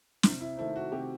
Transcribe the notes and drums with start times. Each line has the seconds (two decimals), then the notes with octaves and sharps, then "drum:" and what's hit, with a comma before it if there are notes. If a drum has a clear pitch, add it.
0.23 C3, drum: snare
0.41 E4
0.57 D#3 A3 C4 E4
0.76 F#4
0.92 C3 G4